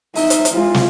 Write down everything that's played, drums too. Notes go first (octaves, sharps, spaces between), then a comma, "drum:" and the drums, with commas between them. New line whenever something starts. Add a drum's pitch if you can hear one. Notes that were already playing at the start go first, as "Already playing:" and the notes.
D#4 E5, drum: open hi-hat
drum: hi-hat
drum: hi-hat
G#3 F4
drum: snare